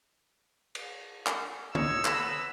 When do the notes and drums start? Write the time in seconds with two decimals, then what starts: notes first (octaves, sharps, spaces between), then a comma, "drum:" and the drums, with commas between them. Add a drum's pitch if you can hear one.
0.75 drum: cymbal
1.27 drum: clap
1.75 D#4 C#5 E6, drum: tom
2.05 B3 A#5 B5, drum: clap